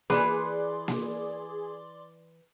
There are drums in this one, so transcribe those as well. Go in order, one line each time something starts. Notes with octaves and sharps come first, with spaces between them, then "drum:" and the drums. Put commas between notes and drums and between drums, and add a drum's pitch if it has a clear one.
E3 G#4 B4 D5 C6 D6, drum: snare A#3
drum: snare A#3